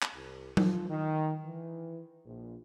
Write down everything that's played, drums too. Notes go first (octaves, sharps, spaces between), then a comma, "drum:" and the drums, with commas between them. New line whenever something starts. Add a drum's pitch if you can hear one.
drum: clap
C2
F3, drum: tom F#3
D#3
E3
A#1